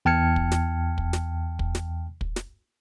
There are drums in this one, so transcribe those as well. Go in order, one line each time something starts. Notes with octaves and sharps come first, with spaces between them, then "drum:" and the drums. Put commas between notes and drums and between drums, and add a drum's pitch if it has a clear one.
E2 G5 A5 F6 G#6 C#7
drum: kick
drum: snare
drum: kick
drum: snare
drum: kick
drum: snare
drum: kick
drum: snare